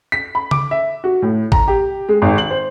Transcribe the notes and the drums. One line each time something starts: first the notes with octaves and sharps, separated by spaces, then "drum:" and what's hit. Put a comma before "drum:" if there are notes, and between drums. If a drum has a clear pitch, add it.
B6
B5
D6, drum: tom C#3
E5
F#4
A2
A#5, drum: kick G#1
G4
G#3
G#1
F#7
C5